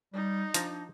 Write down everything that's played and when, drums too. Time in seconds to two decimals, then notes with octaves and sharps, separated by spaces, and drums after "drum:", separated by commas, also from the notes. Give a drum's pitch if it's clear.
0.14 G3 D#4
0.54 F3 D4 A#5, drum: hi-hat